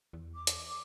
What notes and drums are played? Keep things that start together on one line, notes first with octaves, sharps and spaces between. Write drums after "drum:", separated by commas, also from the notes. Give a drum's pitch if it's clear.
E2
D6
drum: hi-hat